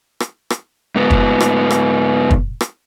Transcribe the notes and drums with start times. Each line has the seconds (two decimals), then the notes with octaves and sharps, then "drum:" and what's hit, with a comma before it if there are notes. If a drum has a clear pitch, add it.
0.20 drum: rim click
0.50 drum: rim click
0.95 G#2 B3
1.10 drum: kick
1.40 drum: rim click
1.71 drum: rim click
2.31 drum: kick
2.61 drum: rim click